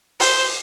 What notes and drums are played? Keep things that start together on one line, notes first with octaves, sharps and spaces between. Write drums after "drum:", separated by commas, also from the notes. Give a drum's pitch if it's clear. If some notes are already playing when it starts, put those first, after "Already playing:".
C5, drum: open hi-hat